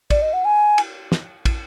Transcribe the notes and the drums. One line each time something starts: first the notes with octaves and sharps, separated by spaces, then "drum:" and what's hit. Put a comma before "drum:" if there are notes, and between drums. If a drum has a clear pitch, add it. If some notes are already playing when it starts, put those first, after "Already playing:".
D5, drum: kick, cymbal
D#5
F#5
G#5
drum: cymbal
drum: snare
drum: kick, cymbal